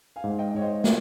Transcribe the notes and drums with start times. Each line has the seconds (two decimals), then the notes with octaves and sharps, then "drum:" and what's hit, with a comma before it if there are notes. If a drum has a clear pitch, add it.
0.16 F5 G#5
0.24 G#2
0.39 D#5 G5
0.54 G#2 C#5
0.61 C5 D#5
0.84 A#4 C#5, drum: snare